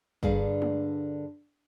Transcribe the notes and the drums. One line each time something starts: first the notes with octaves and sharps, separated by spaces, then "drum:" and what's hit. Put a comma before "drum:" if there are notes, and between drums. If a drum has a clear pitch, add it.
G2 D3 G#4 A#4 F5, drum: kick
drum: tom G#3